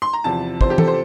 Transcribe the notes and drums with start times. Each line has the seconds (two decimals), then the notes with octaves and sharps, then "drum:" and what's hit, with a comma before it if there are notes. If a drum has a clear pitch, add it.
0.02 C6
0.13 A#5
0.24 E2 C3 F3 A5
0.61 E2 C3 F3 C5, drum: kick
0.70 G4
0.78 A4, drum: tom
0.87 C5